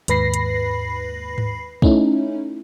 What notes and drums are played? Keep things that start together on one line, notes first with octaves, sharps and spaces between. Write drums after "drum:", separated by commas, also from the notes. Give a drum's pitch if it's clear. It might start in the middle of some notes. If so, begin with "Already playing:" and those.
D#2 G#2 B4 B5 A#6 C7, drum: hi-hat
drum: hi-hat
drum: tom G#2
A3 C#4 D#4 E4, drum: kick